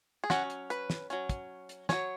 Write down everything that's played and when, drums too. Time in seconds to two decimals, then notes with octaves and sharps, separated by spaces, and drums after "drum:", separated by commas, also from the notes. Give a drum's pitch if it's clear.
0.24 G#4
0.30 F#3 C#4 F#4, drum: snare
0.50 drum: hi-hat
0.70 B4, drum: hi-hat
0.90 drum: snare
1.10 F#3 C#4, drum: hi-hat
1.29 drum: kick, hi-hat
1.69 drum: hi-hat
1.89 F#3 C#4 C#5, drum: snare